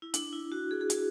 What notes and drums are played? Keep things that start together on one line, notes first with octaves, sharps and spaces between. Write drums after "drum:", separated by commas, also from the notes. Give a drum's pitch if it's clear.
E4
D4, drum: hi-hat
E4
F#4
G#4
G#4
F#4, drum: hi-hat